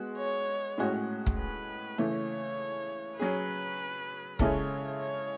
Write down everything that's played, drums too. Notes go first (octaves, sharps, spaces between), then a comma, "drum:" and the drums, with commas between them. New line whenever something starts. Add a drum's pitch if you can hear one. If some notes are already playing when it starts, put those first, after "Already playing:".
Already playing: G#3 B3 F#4
C#5
A2 G#3 C#4 F#4
drum: kick
B4
C#3 E3 A3 C#5
F#3 C#4 G#4 B4
C#3 G#3 C#4 E4 A4 C#5, drum: kick
C#5